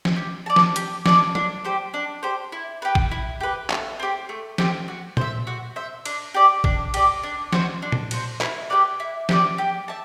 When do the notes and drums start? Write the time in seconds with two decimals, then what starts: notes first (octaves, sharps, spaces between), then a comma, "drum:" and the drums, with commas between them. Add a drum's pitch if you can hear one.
0.05 drum: snare F3
0.16 G4
0.46 D5 A5
0.56 drum: snare F3
0.76 G4, drum: hi-hat
1.06 D5 A5, drum: snare F3
1.35 D4, drum: tom
1.64 G4 C5
1.94 D4
2.23 G4 C5
2.52 E4
2.82 G4 B4
2.95 drum: kick
3.11 E4
3.40 G4 B4
3.70 A3, drum: clap
4.00 C4 G4
4.29 A3
4.58 C4 G4, drum: snare F3
4.88 F#4
5.17 C5 E5, drum: tom A#2
5.47 F#4
5.76 C5 E5
6.06 D4, drum: cymbal
6.34 G4 D5
6.64 D4, drum: kick
6.94 G4 D5, drum: cymbal
7.23 D4
7.53 F#4 C5, drum: snare F3
7.82 D4
7.92 drum: tom A#2
8.11 F#4 C5, drum: cymbal
8.41 E4, drum: clap
8.70 G4 B4 D5
9.00 E4
9.29 G4 B4 D5, drum: snare F3
9.58 G4
9.88 E5 A5